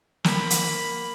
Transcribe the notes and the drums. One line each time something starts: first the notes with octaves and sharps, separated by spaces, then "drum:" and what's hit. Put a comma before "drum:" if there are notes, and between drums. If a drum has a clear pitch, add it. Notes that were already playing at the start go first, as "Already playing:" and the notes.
A#3 B5, drum: snare
drum: hi-hat